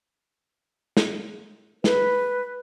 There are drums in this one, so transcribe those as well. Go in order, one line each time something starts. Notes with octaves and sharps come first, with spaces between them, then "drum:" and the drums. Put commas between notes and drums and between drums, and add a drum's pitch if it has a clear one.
drum: snare
B4, drum: snare